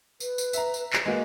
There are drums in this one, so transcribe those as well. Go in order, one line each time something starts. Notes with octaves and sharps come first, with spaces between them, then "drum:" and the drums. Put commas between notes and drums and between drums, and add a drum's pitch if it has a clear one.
B4, drum: tambourine
drum: tambourine
E5 A#5, drum: tambourine
drum: tambourine
G#4, drum: clap
G#3 A#3 F#4 B4